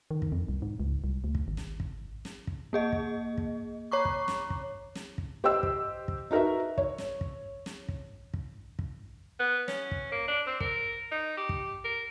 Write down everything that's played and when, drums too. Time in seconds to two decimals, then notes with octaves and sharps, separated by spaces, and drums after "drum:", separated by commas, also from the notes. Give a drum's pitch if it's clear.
0.11 D#3
0.22 drum: kick
0.32 F2
0.48 C2
0.62 G#2
0.80 C#2
1.04 C2
1.24 D2
1.35 drum: kick
1.48 G#1
1.57 drum: snare
1.80 drum: kick
2.25 drum: snare
2.47 drum: kick
2.73 A#3 G#4 D#5
2.92 drum: kick
3.38 drum: kick
3.91 C#5 A#5 C#6 D6
4.05 drum: kick
4.28 drum: snare
4.50 drum: kick
4.95 drum: snare
5.18 drum: kick
5.44 G4 C5 D#5 G5 E6
5.63 drum: kick
6.08 drum: kick
6.31 D#4 F#4 A#4 B4 E5
6.78 C#5, drum: kick
6.98 drum: snare
7.21 drum: kick
7.66 drum: snare
7.88 drum: kick
8.34 drum: kick
8.79 drum: kick
9.40 B3
9.68 C#4, drum: snare
9.91 drum: kick
10.12 A#3
10.28 D4
10.47 C4
10.60 A#4, drum: kick
11.12 D#4
11.37 G4
11.49 drum: kick
11.84 A#4